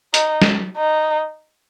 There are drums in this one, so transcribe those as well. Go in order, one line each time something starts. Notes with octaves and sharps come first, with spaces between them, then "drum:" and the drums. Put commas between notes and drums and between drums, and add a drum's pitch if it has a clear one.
D#4, drum: hi-hat
drum: snare
D#4